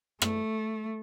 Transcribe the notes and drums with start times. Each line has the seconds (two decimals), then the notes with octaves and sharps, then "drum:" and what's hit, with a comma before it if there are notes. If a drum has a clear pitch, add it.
0.22 A3, drum: rim click